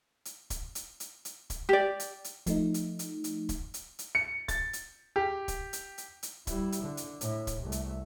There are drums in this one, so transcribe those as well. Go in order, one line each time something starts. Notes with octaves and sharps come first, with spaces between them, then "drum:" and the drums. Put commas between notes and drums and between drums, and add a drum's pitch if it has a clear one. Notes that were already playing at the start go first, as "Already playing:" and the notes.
drum: hi-hat
drum: kick, hi-hat
drum: hi-hat
drum: hi-hat
drum: hi-hat
drum: kick, hi-hat
G4 D5
drum: hi-hat
drum: hi-hat
F3 A3 D#4, drum: kick, hi-hat
drum: hi-hat
drum: hi-hat
drum: hi-hat
drum: kick, hi-hat
drum: hi-hat
drum: hi-hat
C#7
A6, drum: kick, hi-hat
drum: hi-hat
G4
drum: kick, hi-hat
drum: hi-hat
drum: hi-hat
drum: hi-hat
G3 E4, drum: kick, hi-hat
drum: hi-hat
D3
drum: hi-hat
A2, drum: hi-hat
drum: kick, hi-hat
C2 A3
drum: hi-hat